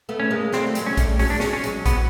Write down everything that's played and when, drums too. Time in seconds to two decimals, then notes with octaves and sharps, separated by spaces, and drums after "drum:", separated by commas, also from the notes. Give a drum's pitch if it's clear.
0.09 A3 B3
0.20 C#4
0.31 G#3 A#3
0.52 G3 A3 C4, drum: snare
0.67 A3
0.75 F#3 G#3, drum: hi-hat
0.86 C#4
0.97 G3 A3, drum: kick A#1, hi-hat
1.19 F#3 G#3 C#4, drum: open hi-hat
1.30 D4
1.40 F#3 G#3 C#4, drum: snare
1.53 C#4
1.64 F#3 G#3, drum: hi-hat
1.86 E3 F#3 B3, drum: kick A#1, hi-hat